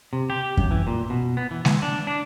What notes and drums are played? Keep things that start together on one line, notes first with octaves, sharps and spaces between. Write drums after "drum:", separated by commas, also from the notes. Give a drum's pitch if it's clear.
C3
G4
F#2, drum: kick F#2
E3
A#2
B2
B3
E3
E3, drum: snare G#3
D4
D4